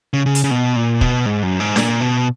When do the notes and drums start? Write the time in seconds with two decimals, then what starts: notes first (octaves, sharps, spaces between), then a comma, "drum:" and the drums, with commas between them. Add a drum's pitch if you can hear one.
0.13 C#3
0.26 C#3
0.35 drum: hi-hat
0.44 C#3
0.51 B2
0.76 A#2
1.01 B2, drum: kick
1.26 G#2
1.43 F#2
1.60 G#2
1.76 A#2, drum: snare D4
2.01 B2